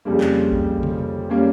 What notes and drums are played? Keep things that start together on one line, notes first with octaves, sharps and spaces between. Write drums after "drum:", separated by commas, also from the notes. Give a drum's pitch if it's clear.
F2 C#3 G3 A#3
drum: clap
drum: kick A1
drum: tom
drum: tom C#3
G3 A#3 C#4